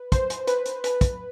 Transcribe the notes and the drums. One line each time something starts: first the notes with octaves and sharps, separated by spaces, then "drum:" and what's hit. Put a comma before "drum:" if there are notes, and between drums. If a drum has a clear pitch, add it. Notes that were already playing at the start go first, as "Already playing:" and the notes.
Already playing: B4
C5, drum: kick, hi-hat
drum: hi-hat
B4, drum: hi-hat
drum: hi-hat
B4, drum: hi-hat
drum: kick, hi-hat